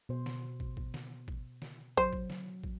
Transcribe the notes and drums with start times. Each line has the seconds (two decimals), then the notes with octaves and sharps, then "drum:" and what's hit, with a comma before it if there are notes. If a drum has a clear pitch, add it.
0.09 B2 C5
0.26 drum: snare
0.60 drum: kick
0.77 drum: kick
0.94 drum: snare
1.28 drum: kick
1.62 drum: snare
1.97 F#3 C5, drum: kick
2.13 drum: kick
2.30 drum: snare
2.64 drum: kick